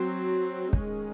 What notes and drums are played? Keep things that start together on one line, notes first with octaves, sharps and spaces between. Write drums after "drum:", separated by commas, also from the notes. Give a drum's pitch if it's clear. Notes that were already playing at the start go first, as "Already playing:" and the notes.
Already playing: F#3 C4
D#3 G#3 C#4, drum: kick